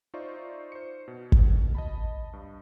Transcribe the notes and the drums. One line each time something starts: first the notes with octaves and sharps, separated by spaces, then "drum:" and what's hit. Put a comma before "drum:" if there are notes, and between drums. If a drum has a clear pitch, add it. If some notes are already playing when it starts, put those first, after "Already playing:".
D#4 F4 C5 D5 E5 C#6
C5 C#7
B2
drum: kick
D#5 A5 B5
G2